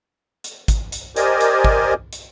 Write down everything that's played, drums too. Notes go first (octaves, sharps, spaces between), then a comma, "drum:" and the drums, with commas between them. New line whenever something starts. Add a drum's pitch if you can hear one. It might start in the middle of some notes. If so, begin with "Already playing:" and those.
drum: hi-hat
drum: kick G#1, hi-hat
drum: hi-hat
G4 A#4 C5 D5 D#5 G#5, drum: hi-hat
drum: hi-hat
drum: kick G#1
drum: hi-hat